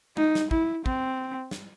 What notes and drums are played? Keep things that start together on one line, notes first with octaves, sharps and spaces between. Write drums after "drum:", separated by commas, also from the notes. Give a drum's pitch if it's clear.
D#4, drum: tom G#3
drum: snare
E4, drum: kick
C4, drum: kick
drum: snare